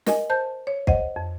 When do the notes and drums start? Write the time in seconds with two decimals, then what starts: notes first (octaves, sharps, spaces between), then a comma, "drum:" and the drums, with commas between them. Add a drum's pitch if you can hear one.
0.07 A#4 D#5 G#5, drum: snare
0.30 C5 A5 G6
0.67 C#5
0.87 C5 D#5 F#5, drum: kick
1.16 F2